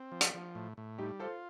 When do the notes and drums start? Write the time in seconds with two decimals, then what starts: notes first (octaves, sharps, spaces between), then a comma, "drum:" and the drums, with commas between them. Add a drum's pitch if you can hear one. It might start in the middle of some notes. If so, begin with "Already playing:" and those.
Already playing: C4
0.12 F3
0.21 drum: hi-hat
0.34 F3
0.55 A2
0.77 A2
0.98 G3 D#4 G4
1.20 F4 A4 C5